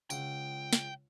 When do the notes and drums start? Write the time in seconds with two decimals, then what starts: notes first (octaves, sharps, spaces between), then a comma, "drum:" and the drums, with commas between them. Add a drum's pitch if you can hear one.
0.10 C#2 F#5 G5, drum: tambourine
0.73 drum: snare